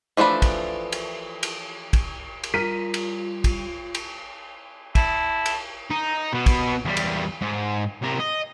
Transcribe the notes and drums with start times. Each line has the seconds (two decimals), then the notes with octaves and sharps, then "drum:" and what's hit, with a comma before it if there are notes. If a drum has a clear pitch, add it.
0.17 E3 F3 A3 D4 B5
0.42 drum: kick, cymbal
0.92 drum: cymbal
1.43 drum: cymbal
1.93 drum: kick, cymbal
2.44 drum: cymbal
2.54 G3 F4 A#4 B6 D#7
2.94 drum: cymbal
3.44 drum: kick, cymbal
3.95 drum: cymbal
4.95 E4 A5, drum: kick, cymbal
5.46 drum: cymbal
5.91 D#4
6.33 B2 B3
6.46 drum: kick, cymbal
6.85 E2 G3
6.97 drum: cymbal
7.41 G#2
8.02 C3 A#4
8.20 D#5